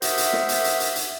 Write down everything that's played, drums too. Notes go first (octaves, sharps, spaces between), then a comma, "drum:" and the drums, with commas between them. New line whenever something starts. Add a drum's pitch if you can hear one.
F#4 A#4 C5 D#5 E5, drum: hi-hat
drum: hi-hat
drum: snare
drum: hi-hat
drum: hi-hat
drum: hi-hat
drum: hi-hat